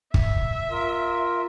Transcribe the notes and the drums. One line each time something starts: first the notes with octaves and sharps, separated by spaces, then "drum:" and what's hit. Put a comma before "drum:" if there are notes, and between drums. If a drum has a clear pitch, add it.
E5, drum: kick
F4 A#4